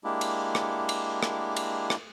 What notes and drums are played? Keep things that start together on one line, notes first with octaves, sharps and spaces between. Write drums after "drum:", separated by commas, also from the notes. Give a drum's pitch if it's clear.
G#3 A#3 D4 E4 G4
drum: cymbal
drum: rim click
drum: cymbal
drum: rim click
drum: cymbal
drum: rim click